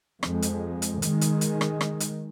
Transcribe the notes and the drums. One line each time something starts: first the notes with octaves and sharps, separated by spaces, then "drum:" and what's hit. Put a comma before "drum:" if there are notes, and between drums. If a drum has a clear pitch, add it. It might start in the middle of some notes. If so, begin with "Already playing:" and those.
F2 G#3, drum: rim click
drum: hi-hat
drum: hi-hat
D#3 G#3, drum: hi-hat
drum: hi-hat
drum: hi-hat
drum: rim click
drum: rim click
drum: hi-hat